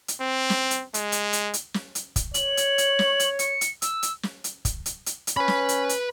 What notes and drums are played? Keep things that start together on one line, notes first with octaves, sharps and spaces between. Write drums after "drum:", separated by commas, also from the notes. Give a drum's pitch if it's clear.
drum: hi-hat
C4
drum: snare
drum: hi-hat
G#3, drum: hi-hat
drum: hi-hat
drum: hi-hat
drum: hi-hat
drum: snare
drum: hi-hat
drum: kick, hi-hat
C#5 F#7, drum: hi-hat
drum: hi-hat
drum: hi-hat
drum: snare
drum: hi-hat
C#7, drum: hi-hat
drum: hi-hat
E6, drum: hi-hat
drum: hi-hat
drum: snare
drum: hi-hat
drum: kick, hi-hat
drum: hi-hat
drum: hi-hat
drum: hi-hat
C#4 B4 B5
drum: snare
drum: hi-hat
drum: hi-hat